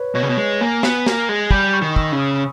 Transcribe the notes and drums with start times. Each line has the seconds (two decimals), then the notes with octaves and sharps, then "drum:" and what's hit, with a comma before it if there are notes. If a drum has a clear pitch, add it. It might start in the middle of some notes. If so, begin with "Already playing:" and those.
Already playing: B4 C#5
0.15 B2 C#5
0.23 C#3
0.29 B2
0.37 G#3
0.61 A#3 G#5
0.83 B3, drum: snare
1.06 A#3, drum: snare
1.29 G#3
1.51 G3 B5, drum: kick
1.74 C#6
1.82 D#3
1.96 E6, drum: kick
2.12 C#3
2.19 D#6